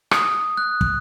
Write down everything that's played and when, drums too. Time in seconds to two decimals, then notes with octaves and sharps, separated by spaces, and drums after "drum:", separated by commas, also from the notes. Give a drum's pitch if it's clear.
0.11 D#6, drum: rim click
0.57 F#6
0.81 drum: kick